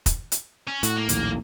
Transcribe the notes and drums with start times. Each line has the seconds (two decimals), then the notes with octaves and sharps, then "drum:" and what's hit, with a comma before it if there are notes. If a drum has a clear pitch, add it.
0.06 drum: kick, hi-hat
0.32 drum: hi-hat
0.67 C#4
0.83 A2 F#4, drum: hi-hat
0.96 A#3
1.09 A#1 D#2 A2, drum: hi-hat